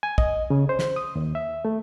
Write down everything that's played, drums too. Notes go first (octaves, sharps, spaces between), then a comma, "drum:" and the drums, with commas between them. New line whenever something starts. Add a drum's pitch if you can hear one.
G#5
D#5, drum: kick
C#3
C5
drum: snare
D#6
D#2
E5
A3